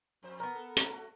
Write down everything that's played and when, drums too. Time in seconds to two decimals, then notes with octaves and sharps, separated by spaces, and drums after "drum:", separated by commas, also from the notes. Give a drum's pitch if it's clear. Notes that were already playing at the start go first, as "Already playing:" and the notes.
0.23 F2 C5
0.40 B3 A#4
0.55 A4
0.76 A3 F#4, drum: hi-hat